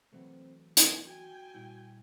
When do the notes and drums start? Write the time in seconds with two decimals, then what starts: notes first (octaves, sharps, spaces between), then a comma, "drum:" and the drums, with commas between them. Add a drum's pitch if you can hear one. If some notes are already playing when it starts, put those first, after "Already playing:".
0.13 E3 F#3 A3 C4
0.77 B3 G#5, drum: hi-hat
1.06 F#4 G5 G#5
1.54 A#2 G3 E4